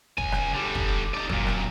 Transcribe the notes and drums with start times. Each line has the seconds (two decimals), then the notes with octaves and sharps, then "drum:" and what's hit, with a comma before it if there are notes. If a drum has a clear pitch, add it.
0.18 C#2 G#5, drum: kick
0.32 drum: rim click
0.54 D3 G3
0.75 drum: kick
1.14 D#4 D5
1.29 F#2 A#2, drum: kick
1.47 drum: rim click